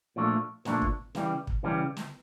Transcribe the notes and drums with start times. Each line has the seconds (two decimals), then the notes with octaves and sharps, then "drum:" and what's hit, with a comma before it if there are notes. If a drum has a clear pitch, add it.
0.16 A#2 F3 A3 D4
0.65 A#2 F3 A3 D4, drum: snare
0.82 drum: kick
1.15 C#3 E3 G3, drum: snare
1.47 drum: kick
1.63 C#3 E3 G3
1.97 drum: snare